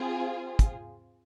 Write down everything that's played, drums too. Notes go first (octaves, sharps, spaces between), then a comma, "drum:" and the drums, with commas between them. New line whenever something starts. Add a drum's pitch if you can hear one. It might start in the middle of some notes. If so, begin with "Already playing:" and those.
Already playing: C4 F4 G#4
drum: kick, hi-hat